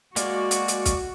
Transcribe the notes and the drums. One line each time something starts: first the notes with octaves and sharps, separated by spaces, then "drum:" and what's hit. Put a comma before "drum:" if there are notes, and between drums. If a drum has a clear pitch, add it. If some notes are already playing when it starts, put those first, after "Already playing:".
G#3 A#3 F#4 D5, drum: hi-hat
drum: hi-hat
drum: hi-hat
drum: kick, hi-hat